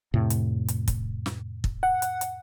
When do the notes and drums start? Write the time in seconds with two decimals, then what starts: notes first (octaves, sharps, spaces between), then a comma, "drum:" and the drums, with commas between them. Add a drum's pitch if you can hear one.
0.14 F2 A2 C3
0.30 drum: hi-hat
0.68 drum: hi-hat
0.88 drum: kick, hi-hat
1.26 drum: snare
1.64 drum: kick
1.83 F#5
2.02 drum: hi-hat
2.21 drum: hi-hat